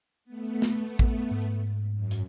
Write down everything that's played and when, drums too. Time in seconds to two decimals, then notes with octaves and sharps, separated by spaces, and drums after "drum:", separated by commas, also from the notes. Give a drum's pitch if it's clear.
0.25 A3 B3
0.62 drum: snare
0.99 drum: kick A1
1.31 G#2
1.94 F#2
2.11 drum: hi-hat